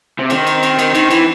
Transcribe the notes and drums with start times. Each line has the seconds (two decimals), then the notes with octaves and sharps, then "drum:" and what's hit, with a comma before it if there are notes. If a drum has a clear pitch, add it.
0.19 C3
0.30 D#3 C4, drum: cymbal
0.47 drum: cymbal
0.63 drum: cymbal
0.79 D#3, drum: cymbal
0.95 D#3, drum: cymbal
1.11 E3, drum: cymbal